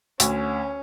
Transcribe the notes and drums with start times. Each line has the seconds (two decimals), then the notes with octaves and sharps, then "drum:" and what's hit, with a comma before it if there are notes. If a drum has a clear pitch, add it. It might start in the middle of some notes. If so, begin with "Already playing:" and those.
0.20 D2 C#4, drum: hi-hat